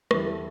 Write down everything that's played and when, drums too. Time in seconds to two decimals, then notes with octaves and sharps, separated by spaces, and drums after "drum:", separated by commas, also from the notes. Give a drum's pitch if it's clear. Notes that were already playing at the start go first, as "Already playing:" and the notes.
0.11 E2 D3 G3 E4, drum: rim click
0.25 A4